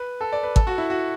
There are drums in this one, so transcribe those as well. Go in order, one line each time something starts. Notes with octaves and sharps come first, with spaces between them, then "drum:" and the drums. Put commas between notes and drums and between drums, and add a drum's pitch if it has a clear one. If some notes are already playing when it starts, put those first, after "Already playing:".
Already playing: B4
A4
D5
B4
A4, drum: kick
F#4
E4
F#4